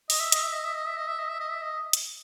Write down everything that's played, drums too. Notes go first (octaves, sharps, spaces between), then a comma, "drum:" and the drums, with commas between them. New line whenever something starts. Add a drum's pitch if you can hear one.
D#5, drum: open hi-hat
E5
D#5, drum: hi-hat
E5
D#5
E5
D#5
E5
D#5
E5
D#5
E5
D#5
E5
D#5
drum: hi-hat